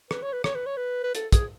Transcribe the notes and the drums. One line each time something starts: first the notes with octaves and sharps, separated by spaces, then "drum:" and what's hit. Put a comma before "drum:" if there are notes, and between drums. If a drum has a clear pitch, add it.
B4, drum: rim click
C#5
B4
C#5, drum: rim click
B4
C#5
B4
B4
A4, drum: hi-hat
G#4, drum: kick, hi-hat